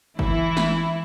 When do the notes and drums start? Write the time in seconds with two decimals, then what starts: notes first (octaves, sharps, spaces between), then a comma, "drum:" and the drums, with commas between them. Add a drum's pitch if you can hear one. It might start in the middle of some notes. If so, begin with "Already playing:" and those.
0.19 E3 E4, drum: kick G1
0.57 drum: snare